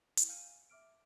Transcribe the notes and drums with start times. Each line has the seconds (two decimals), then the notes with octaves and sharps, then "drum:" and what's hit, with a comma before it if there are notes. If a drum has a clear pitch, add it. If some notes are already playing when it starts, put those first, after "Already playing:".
0.17 E4, drum: hi-hat
0.29 F5 G#5 F6 G6 C#7 D#7
0.70 E5 D6 F6 D7